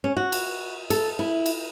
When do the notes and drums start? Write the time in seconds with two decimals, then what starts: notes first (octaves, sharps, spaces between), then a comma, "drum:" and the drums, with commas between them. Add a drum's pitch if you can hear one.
0.04 C#4
0.17 F#4
0.32 drum: cymbal
0.90 A4, drum: cymbal
1.19 E4
1.46 drum: cymbal